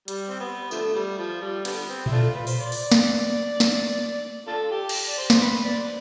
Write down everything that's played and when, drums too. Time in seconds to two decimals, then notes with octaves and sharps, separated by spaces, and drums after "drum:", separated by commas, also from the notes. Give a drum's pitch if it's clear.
0.08 G3, drum: hi-hat
0.29 C4
0.40 B3
0.71 D3 F3 A3, drum: tambourine
0.95 G3
1.18 F3
1.42 G3
1.65 D3 G3 B3, drum: cymbal
1.89 C4
2.06 E4, drum: tom A#2
2.12 A3 D4 F4
2.35 B4
2.47 C5, drum: open hi-hat
2.59 D5
2.72 drum: open hi-hat
2.92 drum: snare
3.60 drum: snare
4.48 D4 F4 A4
4.71 G4
4.89 drum: cymbal
5.07 D5
5.17 C5
5.30 drum: snare
5.41 B4
5.65 D5